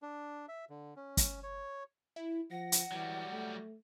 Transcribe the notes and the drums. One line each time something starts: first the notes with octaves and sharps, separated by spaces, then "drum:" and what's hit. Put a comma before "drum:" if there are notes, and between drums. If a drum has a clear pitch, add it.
D4
E5
D3
C#4
drum: kick, hi-hat
C#5
E4
F3 F#5 A#6
drum: hi-hat
E3 F#3 G3
A3